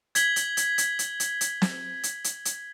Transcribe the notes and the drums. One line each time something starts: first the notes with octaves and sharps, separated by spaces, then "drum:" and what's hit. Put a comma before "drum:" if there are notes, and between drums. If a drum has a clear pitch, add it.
G#6 B6 F#7 G7, drum: hi-hat
drum: hi-hat
drum: hi-hat
drum: hi-hat
drum: hi-hat
drum: hi-hat
drum: hi-hat
drum: snare
drum: hi-hat
drum: hi-hat
drum: hi-hat